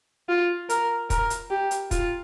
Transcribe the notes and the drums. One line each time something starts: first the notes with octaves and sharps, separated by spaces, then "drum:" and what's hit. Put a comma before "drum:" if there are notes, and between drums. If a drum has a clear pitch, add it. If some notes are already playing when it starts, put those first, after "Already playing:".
F4
A#4, drum: hi-hat
A#4, drum: kick, hi-hat
drum: hi-hat
G4
drum: hi-hat
F4, drum: kick, hi-hat